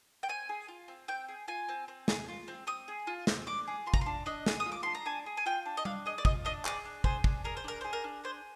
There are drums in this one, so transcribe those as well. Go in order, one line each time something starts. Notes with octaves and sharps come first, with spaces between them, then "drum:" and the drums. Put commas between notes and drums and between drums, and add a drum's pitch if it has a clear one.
G5
C4 G#5
G#4
F4
C4
C4 G5
G#4
F4 G#5
C4
C4
G#4, drum: snare
F4
C4
C4 D#6
G#4
F4
C4, drum: snare
D4 D6
G#4
F4 C6
A#5, drum: kick
C6
D4
D4 D#5
G#4, drum: snare
D#6
F4
D6
D4 C6
A#5
D4 G#5
G#4
G#5
F4 G5
D4
D#5
D4 F5, drum: tom G3
G#4 D#5
D5
F4 D#5, drum: kick
D4 D#5
G#4 D5, drum: clap
D4
G#4 C5, drum: kick
D4, drum: kick
G#4 A#4
C5
D4 A#4
G#4 C5
A#4
D4
G#4 C5